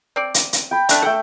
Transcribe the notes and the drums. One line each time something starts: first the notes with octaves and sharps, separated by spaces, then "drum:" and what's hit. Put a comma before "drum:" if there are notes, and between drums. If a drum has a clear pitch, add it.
C4 D5
drum: hi-hat
drum: hi-hat
G5 B5
A3 D4 E5, drum: hi-hat
A3 A4 F#5 G5